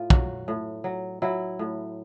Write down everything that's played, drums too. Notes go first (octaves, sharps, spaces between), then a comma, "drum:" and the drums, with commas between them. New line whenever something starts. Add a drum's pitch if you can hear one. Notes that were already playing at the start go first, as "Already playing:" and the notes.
Already playing: A2 F4
F#3, drum: kick
A2
F#3
F#3 E4
A2